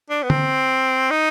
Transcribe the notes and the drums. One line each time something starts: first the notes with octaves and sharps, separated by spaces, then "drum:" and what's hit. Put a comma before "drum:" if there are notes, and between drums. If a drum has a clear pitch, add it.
D4
B3
C4, drum: tom D3
D#4